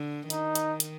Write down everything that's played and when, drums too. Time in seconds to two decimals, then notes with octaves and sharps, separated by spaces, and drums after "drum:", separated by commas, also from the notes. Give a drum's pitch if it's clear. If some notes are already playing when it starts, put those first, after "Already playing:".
Already playing: D3
0.30 D#3 D#4, drum: hi-hat
0.55 drum: hi-hat
0.80 drum: hi-hat